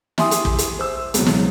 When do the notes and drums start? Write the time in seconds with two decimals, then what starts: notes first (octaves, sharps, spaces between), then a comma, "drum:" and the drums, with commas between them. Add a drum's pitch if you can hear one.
0.18 E4 G4 E5 G#5 C6 D#6, drum: snare
0.31 drum: hi-hat
0.45 drum: kick
0.58 drum: hi-hat
0.79 C5 E6
1.14 C#2 B2 F#3, drum: hi-hat
1.26 drum: snare